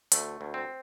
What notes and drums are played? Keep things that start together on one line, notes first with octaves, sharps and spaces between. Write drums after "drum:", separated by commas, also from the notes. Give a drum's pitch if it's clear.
D2 A3, drum: hi-hat
D2
C4